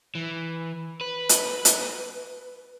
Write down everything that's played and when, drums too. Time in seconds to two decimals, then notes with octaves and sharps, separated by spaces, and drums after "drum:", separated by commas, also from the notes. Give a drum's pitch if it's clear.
0.15 E3
1.01 B4
1.29 drum: hi-hat
1.65 drum: hi-hat